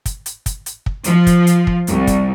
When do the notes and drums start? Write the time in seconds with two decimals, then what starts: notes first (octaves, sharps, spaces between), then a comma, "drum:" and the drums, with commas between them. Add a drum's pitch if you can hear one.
0.06 drum: kick, hi-hat
0.26 drum: hi-hat
0.46 drum: kick, hi-hat
0.66 drum: hi-hat
0.86 drum: kick
1.04 F3, drum: hi-hat
1.27 drum: kick, hi-hat
1.47 drum: hi-hat
1.67 drum: kick
1.87 C2, drum: hi-hat
2.07 drum: kick, hi-hat